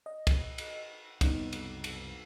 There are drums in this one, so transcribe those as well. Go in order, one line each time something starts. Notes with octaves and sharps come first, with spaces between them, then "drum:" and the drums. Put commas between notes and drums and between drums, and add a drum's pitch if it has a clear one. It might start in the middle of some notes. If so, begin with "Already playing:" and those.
D#5
drum: kick, cymbal
drum: cymbal
C2 F#2 C#3 B3 D#4, drum: kick, cymbal
drum: cymbal
drum: cymbal